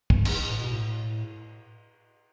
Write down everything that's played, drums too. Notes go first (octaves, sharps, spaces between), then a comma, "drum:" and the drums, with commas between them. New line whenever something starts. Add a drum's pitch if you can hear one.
G2, drum: kick
drum: cymbal
A2
B2
A2